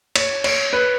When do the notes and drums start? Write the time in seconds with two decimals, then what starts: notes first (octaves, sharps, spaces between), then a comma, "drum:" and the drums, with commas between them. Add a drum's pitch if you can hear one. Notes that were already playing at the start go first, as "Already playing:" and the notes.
0.16 C#5, drum: cymbal
0.44 C#5, drum: cymbal
0.73 B4